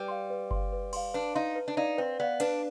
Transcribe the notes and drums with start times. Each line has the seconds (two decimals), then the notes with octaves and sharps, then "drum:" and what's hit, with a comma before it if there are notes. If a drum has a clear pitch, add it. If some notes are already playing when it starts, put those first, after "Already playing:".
Already playing: G3 B4
0.08 F5 C6
0.30 B4
0.51 F5 C6, drum: kick F#1
0.73 B4
0.93 F5 C6, drum: cymbal
1.14 D4 B4
1.35 D#4 F5 C6
1.55 B4
1.68 D4
1.77 D#4 D5 F5
1.97 C4 B4
2.20 B3 D5 F5
2.40 D4 B4, drum: cymbal